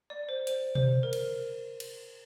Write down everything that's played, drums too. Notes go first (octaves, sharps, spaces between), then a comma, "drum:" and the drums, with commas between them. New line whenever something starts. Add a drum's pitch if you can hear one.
D5
C5
C5, drum: hi-hat
C5, drum: tom B2
A#4
drum: cymbal
drum: cymbal